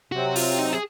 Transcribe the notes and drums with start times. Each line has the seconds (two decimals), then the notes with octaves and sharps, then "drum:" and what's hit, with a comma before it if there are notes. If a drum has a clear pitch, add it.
0.12 C3 F#3 C4 F#4
0.36 F4, drum: open hi-hat
0.59 D#4
0.73 G#4